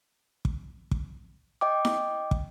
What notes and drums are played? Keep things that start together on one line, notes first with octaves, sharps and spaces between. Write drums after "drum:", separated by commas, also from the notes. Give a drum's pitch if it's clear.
drum: kick
drum: kick
D#5 G5 D6
drum: snare E4
drum: kick